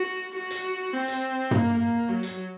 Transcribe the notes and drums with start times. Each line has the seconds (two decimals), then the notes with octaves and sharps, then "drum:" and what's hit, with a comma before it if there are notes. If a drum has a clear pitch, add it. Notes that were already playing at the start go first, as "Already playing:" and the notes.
Already playing: F#4
0.36 F#4
0.51 drum: hi-hat
0.94 C4
1.08 drum: hi-hat
1.51 A#3, drum: tom
1.80 A#3
2.09 F#3
2.23 drum: hi-hat